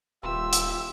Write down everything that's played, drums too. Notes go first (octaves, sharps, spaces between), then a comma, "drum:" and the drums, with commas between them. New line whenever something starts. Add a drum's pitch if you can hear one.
D#1 F4 G4 E5 C6 E6
drum: hi-hat